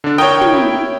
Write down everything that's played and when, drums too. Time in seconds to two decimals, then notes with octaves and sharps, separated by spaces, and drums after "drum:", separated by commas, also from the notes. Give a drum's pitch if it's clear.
0.04 D3 D4
0.18 A#4 C#5 G5 D#6
0.41 drum: tom
0.53 E4